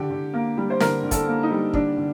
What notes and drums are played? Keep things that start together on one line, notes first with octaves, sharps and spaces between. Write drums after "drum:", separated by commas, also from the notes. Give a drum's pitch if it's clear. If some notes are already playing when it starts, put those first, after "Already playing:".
Already playing: D3 G4
D3
A#3
G3
C5
D3 A#4, drum: snare
D3
A4, drum: kick, hi-hat
A#3
D#4
G3
D3 D4, drum: kick
D3